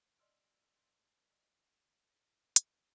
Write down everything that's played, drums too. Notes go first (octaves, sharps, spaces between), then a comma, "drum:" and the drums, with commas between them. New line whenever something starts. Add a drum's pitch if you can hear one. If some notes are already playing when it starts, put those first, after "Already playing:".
D5 D#5 C6 E6 F6 D7
drum: hi-hat